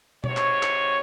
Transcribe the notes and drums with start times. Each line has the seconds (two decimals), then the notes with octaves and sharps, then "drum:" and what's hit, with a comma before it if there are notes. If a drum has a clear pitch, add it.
0.24 G#2 C3 C#5, drum: tom B2
0.37 drum: clap
0.63 drum: clap